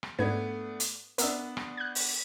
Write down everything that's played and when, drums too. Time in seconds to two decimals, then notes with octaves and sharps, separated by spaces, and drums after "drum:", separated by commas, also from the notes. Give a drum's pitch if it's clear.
0.03 drum: rim click
0.19 G#2 A3 B3 D4 B4 G#6
0.80 drum: hi-hat
1.18 B3 D4 A#4 E5, drum: hi-hat
1.57 drum: rim click
1.77 F#6 G#6
1.95 drum: open hi-hat